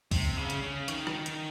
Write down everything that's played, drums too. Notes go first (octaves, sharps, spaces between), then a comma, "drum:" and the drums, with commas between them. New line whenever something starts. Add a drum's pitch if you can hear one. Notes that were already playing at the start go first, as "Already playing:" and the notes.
C3, drum: kick C2, open hi-hat
C#3
drum: hi-hat
C#3
D#3, drum: hi-hat
drum: rim click
drum: hi-hat